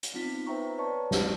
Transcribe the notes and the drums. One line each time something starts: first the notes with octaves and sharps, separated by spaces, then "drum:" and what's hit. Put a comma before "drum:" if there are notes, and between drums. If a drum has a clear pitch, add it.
drum: hi-hat
B3 C4 D#4 F4 B6
B4 C5 E5 G5 A#5 C#6
B4 C#5 D5 A5 C#6
C4 D4 F#4, drum: snare